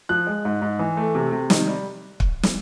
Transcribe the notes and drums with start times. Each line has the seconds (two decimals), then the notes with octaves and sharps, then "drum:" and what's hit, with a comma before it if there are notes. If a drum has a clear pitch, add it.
0.09 F3 F#6
0.27 G#3
0.45 G#2
0.62 G#2
0.79 E3
0.97 A3
1.15 C3
1.32 C3
1.50 D#3, drum: snare
1.67 G3
2.20 drum: kick
2.43 drum: snare